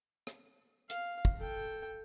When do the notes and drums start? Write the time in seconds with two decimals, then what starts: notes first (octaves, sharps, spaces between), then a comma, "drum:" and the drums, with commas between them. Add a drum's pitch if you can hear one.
0.27 drum: rim click
0.90 F5, drum: hi-hat
1.25 drum: kick
1.38 A4 G5